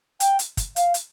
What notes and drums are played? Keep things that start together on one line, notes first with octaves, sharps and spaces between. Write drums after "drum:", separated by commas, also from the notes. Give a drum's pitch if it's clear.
G5, drum: hi-hat
drum: hi-hat
drum: kick, hi-hat
F5, drum: hi-hat
drum: hi-hat